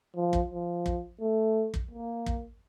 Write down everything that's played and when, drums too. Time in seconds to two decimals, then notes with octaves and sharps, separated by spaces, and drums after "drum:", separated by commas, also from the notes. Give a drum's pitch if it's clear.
0.16 F3
0.33 drum: kick
0.50 F3
0.86 drum: kick
1.20 A3
1.74 drum: kick
1.91 A#3
2.26 drum: kick